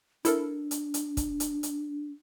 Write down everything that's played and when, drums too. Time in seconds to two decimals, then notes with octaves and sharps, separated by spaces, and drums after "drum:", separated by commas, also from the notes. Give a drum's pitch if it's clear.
0.25 D4 E4 A4 A#4, drum: hi-hat
0.71 drum: hi-hat
0.94 drum: hi-hat
1.17 drum: kick, hi-hat
1.40 drum: hi-hat
1.63 drum: hi-hat